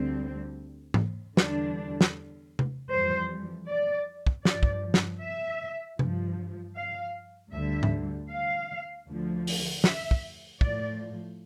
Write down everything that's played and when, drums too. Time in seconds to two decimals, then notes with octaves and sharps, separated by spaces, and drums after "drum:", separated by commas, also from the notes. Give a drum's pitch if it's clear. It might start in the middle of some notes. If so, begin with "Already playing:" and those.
Already playing: D2 D3 G3 C4
0.94 drum: tom G#2
1.37 E2 D3 G3 D4, drum: snare
2.01 drum: snare
2.59 drum: tom C3
2.91 F2 E3 G3 C5
3.69 D5
4.27 drum: kick
4.45 G2 F3 D5, drum: snare
4.63 drum: kick
4.94 drum: snare
5.22 E5
5.99 G2 F3, drum: tom C3
6.76 F5
7.53 D2 D3 G3 E5
7.83 drum: tom G#2
8.30 F5
9.07 D2 D3 F3
9.47 drum: open hi-hat
9.84 E5, drum: snare
10.11 drum: kick
10.61 A2 F3 D5, drum: kick